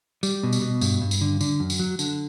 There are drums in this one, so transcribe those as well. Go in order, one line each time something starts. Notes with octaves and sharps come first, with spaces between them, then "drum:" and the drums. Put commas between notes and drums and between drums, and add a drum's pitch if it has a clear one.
G3, drum: tambourine
B2
drum: tambourine
B2
G2, drum: tambourine
G2
drum: tambourine
D3
D3, drum: tambourine
F#2
drum: tambourine
F#3
D3, drum: tambourine